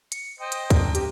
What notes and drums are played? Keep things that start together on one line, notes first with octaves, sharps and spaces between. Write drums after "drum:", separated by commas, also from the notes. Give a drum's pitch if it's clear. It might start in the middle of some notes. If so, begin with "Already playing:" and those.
C#7, drum: hi-hat
C5 D#5 G5
drum: hi-hat
D4 A#4, drum: kick, hi-hat
G4, drum: hi-hat